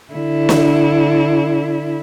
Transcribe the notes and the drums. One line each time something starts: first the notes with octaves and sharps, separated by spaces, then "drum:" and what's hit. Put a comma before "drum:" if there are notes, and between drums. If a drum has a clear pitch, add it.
D3 E4
drum: snare